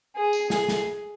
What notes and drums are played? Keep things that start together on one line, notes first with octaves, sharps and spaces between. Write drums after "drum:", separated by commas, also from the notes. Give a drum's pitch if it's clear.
G#4
drum: tambourine
G#4, drum: snare
drum: snare